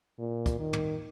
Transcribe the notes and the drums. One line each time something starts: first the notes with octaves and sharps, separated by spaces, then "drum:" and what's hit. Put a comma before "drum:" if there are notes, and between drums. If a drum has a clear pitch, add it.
A#2
drum: kick, hi-hat
D#3
drum: tom